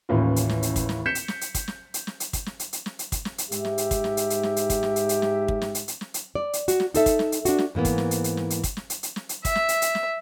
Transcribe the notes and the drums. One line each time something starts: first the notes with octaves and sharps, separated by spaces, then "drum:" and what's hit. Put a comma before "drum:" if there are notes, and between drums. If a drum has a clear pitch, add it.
A1 D#2 A2 E3 C#4 F4
drum: hi-hat
drum: snare
drum: hi-hat
drum: kick, hi-hat
drum: snare
G6 B6 C#7 E7
drum: hi-hat
drum: snare
drum: hi-hat
drum: kick, hi-hat
drum: snare
drum: hi-hat
drum: snare
drum: hi-hat
drum: kick, hi-hat
drum: snare
drum: hi-hat
drum: hi-hat
drum: snare
drum: hi-hat
drum: kick, hi-hat
drum: snare
drum: hi-hat
G#2 G4 E5, drum: hi-hat
drum: snare
drum: hi-hat
drum: kick, hi-hat
drum: snare
drum: hi-hat
drum: hi-hat
drum: snare
drum: hi-hat
drum: kick, hi-hat
drum: snare
drum: hi-hat
drum: hi-hat
drum: snare
drum: kick
drum: snare
drum: hi-hat
drum: hi-hat
drum: snare
drum: hi-hat
D5
drum: hi-hat
F#4, drum: hi-hat
drum: snare
D#4 A4 E5, drum: hi-hat
drum: kick, hi-hat
drum: snare
drum: hi-hat
D4 F#4, drum: hi-hat
drum: snare
G#2 E3 A#3 B3
drum: kick, hi-hat
drum: snare
drum: hi-hat
drum: hi-hat
drum: snare
drum: hi-hat
drum: kick, hi-hat
drum: snare
drum: hi-hat
drum: hi-hat
drum: snare
drum: hi-hat
E5, drum: kick, hi-hat
drum: snare
drum: hi-hat
drum: hi-hat
drum: snare